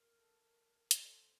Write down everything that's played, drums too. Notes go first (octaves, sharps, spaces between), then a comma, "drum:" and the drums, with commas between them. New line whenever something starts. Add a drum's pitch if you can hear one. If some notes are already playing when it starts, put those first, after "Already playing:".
Already playing: A#4
A4
drum: hi-hat
A4 C5